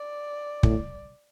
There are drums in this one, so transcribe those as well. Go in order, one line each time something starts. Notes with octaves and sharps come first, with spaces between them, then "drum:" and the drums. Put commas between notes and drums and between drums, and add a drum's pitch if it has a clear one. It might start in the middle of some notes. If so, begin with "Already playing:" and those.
Already playing: D5
A2, drum: kick